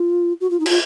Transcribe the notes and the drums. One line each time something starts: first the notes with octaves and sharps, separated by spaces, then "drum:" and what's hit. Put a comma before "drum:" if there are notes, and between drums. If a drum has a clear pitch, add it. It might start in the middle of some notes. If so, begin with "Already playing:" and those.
Already playing: F4
F#4
F4
D#4
F#4, drum: cymbal
F4